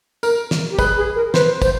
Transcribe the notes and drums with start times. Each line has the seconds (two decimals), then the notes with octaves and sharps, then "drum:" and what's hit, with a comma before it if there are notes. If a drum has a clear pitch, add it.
0.23 A#4, drum: tambourine
0.51 drum: snare
0.71 G4
0.79 G#4 B4, drum: kick, tambourine
0.97 G#4
1.15 A#4
1.34 B4 C5, drum: snare
1.62 C5, drum: kick, tambourine